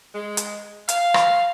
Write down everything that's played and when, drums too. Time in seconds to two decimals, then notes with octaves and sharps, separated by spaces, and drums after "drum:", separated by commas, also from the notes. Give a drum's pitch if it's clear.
0.14 G#3
0.37 drum: hi-hat
0.89 F5, drum: hi-hat
1.14 drum: rim click